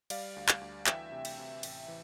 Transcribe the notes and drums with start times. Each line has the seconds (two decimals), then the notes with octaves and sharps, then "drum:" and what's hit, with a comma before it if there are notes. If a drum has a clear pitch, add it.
0.10 G3 D5 F5, drum: cymbal
0.36 D2
0.49 drum: clap
0.61 D2
0.87 E3 E5 G5, drum: clap
1.12 C3
1.25 drum: cymbal
1.38 C3
1.63 A1, drum: cymbal
1.88 E3